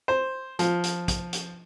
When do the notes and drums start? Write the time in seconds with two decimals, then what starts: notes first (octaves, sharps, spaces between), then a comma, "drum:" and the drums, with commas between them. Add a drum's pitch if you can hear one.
0.08 C5
0.59 F3, drum: hi-hat
0.84 drum: hi-hat
1.08 drum: kick, hi-hat
1.33 drum: hi-hat